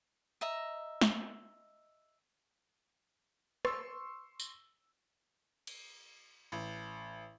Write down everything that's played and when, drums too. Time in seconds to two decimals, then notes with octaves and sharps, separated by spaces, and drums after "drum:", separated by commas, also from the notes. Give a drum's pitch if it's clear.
0.41 D#5 E5 A#5
1.01 drum: snare
3.65 C6 C#6 E6, drum: rim click
4.40 drum: tambourine
5.67 drum: cymbal
6.52 A1